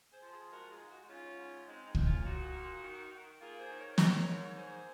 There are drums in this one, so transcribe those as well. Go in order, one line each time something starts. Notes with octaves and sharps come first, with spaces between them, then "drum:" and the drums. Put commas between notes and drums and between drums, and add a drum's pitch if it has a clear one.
G#4 C5
F3
F4 G#4
G#3 F#4 A#4
F4 G#4
G#2
D#4 F#4
F#4
G#2 C#4 F4
G#2
G#3 C4 D#4
C4 D#4
A#2, drum: kick
C#4 F4
A#2 D#4 F#4
A#2
D#3
D#3
A#3 F4 G#4
G#4 C5
D#3
A#4 C#5
G#2 A#4 C#5, drum: snare
G#2
A#3 G#4 C5